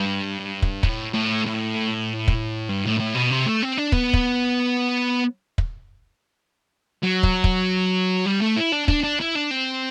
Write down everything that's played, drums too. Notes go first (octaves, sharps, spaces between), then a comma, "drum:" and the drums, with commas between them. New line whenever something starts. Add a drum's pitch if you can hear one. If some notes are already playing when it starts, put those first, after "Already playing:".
Already playing: G2
drum: kick
A2, drum: kick
A2
A2
drum: kick
G2
A2
A2
B2
C3
A3
C4
D4
B3, drum: kick
drum: kick
drum: kick
F#3
drum: kick
drum: kick
G3
A3
E4
D4
D4, drum: kick
D4
E4
D4
C4